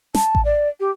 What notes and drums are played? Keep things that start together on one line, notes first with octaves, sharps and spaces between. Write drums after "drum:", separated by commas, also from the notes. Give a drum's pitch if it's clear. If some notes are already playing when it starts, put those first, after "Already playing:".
A5, drum: snare
drum: kick A1
D5
G4